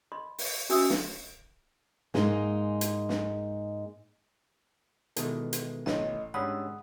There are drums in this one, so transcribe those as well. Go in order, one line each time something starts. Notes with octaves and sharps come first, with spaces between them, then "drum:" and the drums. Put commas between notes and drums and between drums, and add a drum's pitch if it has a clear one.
D#5 B5 C6
drum: open hi-hat
C#4 F#4 E5 G#5 D#6 E6, drum: open hi-hat
drum: snare
G#2 G#3 A#3 D#4, drum: snare
drum: hi-hat
drum: snare
B2 D#3 E3 G#3 A4, drum: hi-hat
drum: hi-hat
A1 D#5, drum: snare
G#2 G3 C#4 D4 F#5 B5 D#6 E6